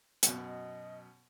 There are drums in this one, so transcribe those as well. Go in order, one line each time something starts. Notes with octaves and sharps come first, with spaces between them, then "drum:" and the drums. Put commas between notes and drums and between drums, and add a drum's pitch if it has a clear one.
F#2 B2, drum: hi-hat
D#5